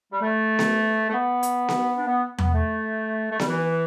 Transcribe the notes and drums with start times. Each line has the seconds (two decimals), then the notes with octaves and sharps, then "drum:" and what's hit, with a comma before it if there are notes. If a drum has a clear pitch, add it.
0.12 G3
0.22 A3
0.59 drum: snare B3
1.09 A3
1.14 B3
1.43 drum: hi-hat
1.69 drum: snare B3
1.96 D4
2.07 B3
2.38 B3, drum: tom E2
2.54 A3
3.32 A3
3.39 G3, drum: snare B3
3.47 E3